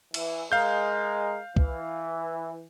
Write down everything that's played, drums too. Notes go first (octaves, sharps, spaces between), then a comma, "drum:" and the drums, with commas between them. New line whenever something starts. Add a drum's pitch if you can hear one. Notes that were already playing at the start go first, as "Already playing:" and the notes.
E3, drum: cymbal
G#3 A#4 F5 G6
E3, drum: kick